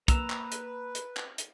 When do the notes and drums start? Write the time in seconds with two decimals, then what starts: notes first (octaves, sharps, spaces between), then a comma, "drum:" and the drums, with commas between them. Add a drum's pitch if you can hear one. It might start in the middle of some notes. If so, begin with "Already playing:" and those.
0.08 A#3 B4 A#5 E6, drum: kick, hi-hat
0.30 drum: clap
0.52 drum: hi-hat
0.95 drum: hi-hat
1.17 drum: clap
1.38 drum: hi-hat